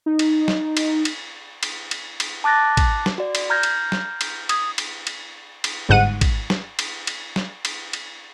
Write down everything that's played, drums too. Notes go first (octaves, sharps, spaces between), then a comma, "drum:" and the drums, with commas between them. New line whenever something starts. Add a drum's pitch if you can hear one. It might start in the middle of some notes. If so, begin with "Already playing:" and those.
D#4
drum: cymbal
drum: snare
drum: cymbal
drum: cymbal
drum: cymbal
drum: cymbal
drum: cymbal
A5 D6 F#6 A6 A#6
drum: kick, cymbal
drum: snare
F#4 D5
drum: cymbal
A#5 F6 G6 G#6 A#6
drum: cymbal
drum: snare
drum: cymbal
D#6 G#6, drum: cymbal
drum: cymbal
drum: cymbal
drum: cymbal
G1 G#2 F#5 D#7
drum: kick, cymbal
drum: snare
drum: cymbal
drum: cymbal
drum: snare
drum: cymbal
drum: cymbal